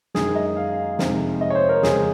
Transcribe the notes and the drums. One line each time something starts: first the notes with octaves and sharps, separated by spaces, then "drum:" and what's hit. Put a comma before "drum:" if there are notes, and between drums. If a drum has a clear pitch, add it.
F#2 D#3 G#3 G#4, drum: snare
D#5
F5
F2 C3 D#3 G#3, drum: snare
D#5
C#5
C5
A#4
F2 C#3 G#3 G#4, drum: snare